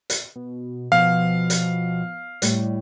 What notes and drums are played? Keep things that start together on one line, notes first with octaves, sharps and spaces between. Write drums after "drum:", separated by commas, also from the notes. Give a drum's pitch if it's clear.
drum: hi-hat
B2
B2 F3 F5
drum: hi-hat
A2 G3, drum: hi-hat